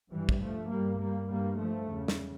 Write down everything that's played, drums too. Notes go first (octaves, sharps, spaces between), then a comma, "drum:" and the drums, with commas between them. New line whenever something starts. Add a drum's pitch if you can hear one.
G2 E3 G3
drum: kick
F3 A3
G2 G3 A#3
G3 A#3
G2 G3 A#3
F3 A3
E2 C#3
drum: snare